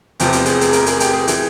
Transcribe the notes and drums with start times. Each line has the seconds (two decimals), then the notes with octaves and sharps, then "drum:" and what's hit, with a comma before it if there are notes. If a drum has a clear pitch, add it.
0.20 F1 E2 C3 F3 G4, drum: hi-hat
0.33 drum: hi-hat
0.45 G#4, drum: hi-hat
0.61 G#4, drum: hi-hat
0.73 A#4, drum: hi-hat
0.86 G#4, drum: hi-hat
1.00 G4, drum: hi-hat
1.14 G#4
1.28 E3, drum: hi-hat